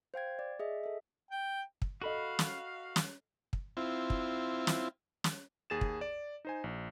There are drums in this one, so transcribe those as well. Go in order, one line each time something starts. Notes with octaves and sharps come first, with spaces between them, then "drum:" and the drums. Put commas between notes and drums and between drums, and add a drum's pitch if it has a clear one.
C5 F5 G5 G#6
D5
G#4 D#5 E5
A4 E5
G5
drum: kick
F#4 A4 D#5 F5 B5
drum: snare
drum: snare
drum: kick
C4 E4 F4
drum: kick
drum: snare
drum: snare
D#2 G#4 A6 E7
drum: kick
D5
D#4 C5 G#5
A#1